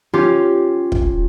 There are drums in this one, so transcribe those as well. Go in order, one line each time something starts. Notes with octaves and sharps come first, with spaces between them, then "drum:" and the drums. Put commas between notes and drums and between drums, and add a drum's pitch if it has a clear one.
C#4 F4 G4
drum: kick